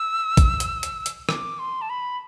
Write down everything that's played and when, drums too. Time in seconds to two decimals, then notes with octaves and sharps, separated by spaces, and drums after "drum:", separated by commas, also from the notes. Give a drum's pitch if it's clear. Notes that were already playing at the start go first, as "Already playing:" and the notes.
Already playing: E6
0.37 drum: kick, hi-hat
0.60 drum: hi-hat
0.83 drum: hi-hat
1.06 drum: hi-hat
1.29 D6, drum: rim click
1.59 C6
1.81 A5
1.90 B5